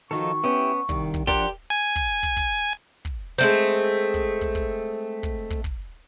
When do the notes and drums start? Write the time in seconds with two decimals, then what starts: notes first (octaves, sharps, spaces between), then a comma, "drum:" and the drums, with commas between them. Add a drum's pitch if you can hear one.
0.11 D#3 F3 D#4 F#4 A4 C#6
0.44 B3 C#4 E4 G4 G5
0.89 C2 D#3, drum: kick
1.14 drum: kick
1.27 F3 D4 G4 A#4 D5 F#5 C6, drum: kick
1.70 G#5
1.96 drum: kick
2.23 drum: kick
2.37 drum: kick
3.05 drum: kick
3.38 G#3 A3 C4
4.14 drum: kick
4.41 drum: kick
4.55 drum: kick
5.23 drum: kick
5.50 drum: kick
5.64 drum: kick